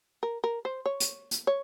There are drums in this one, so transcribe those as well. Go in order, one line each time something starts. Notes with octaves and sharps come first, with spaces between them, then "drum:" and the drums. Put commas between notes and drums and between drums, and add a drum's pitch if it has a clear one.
A#4
A#4
C5
C#5
drum: hi-hat
drum: hi-hat
C#5